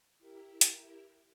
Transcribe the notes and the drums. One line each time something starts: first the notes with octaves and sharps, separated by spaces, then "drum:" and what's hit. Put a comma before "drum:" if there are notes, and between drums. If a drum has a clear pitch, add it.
E4 G4 A#4 E5
drum: hi-hat